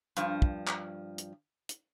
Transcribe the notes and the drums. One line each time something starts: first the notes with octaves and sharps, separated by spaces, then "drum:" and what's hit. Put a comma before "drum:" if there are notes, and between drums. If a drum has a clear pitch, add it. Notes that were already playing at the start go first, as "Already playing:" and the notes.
G2 F3, drum: hi-hat
drum: kick
drum: clap
drum: hi-hat
drum: hi-hat